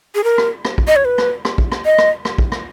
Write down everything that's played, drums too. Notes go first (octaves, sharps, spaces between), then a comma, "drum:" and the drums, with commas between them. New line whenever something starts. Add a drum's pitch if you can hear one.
G#4
A#4
drum: rim click
drum: rim click
drum: kick
D#5
C#5
B4
drum: rim click
drum: rim click
drum: kick
drum: rim click
D#5
drum: rim click
drum: rim click
drum: kick
drum: rim click